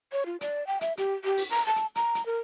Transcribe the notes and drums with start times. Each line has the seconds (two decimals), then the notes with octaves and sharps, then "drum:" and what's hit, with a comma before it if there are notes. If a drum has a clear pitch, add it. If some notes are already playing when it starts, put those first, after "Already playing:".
0.12 C#5
0.26 F4
0.41 D5, drum: hi-hat
0.67 G5
0.81 E5, drum: hi-hat
0.97 G4, drum: hi-hat
1.25 G4
1.37 drum: open hi-hat
1.50 A#5
1.66 A5
1.76 drum: hi-hat
1.95 A#5, drum: hi-hat
2.15 drum: hi-hat
2.26 A#4